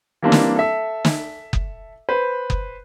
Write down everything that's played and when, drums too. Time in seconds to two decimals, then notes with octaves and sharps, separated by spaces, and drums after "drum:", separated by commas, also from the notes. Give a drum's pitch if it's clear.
0.22 E3 G3 A#3 C4 D4
0.32 drum: snare
0.56 A4 E5
1.05 drum: snare
1.53 drum: kick F#1
2.09 B4 C5
2.50 drum: kick F#1